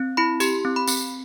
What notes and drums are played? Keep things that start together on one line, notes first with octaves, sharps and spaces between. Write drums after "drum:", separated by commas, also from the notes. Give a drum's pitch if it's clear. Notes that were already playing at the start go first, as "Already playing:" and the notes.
Already playing: C4
E4 B5
G4 C6, drum: tambourine
C4
B5
C4, drum: tambourine